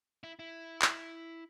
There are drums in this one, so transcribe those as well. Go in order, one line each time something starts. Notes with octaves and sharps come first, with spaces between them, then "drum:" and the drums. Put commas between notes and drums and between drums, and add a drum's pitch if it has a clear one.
E4
E4
drum: clap